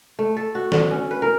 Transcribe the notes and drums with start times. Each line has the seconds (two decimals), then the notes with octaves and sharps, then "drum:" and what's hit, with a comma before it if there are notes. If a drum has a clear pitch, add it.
0.19 A3
0.37 A4
0.55 F#4
0.72 D3, drum: snare
0.91 C#4
1.11 B4
1.22 A#4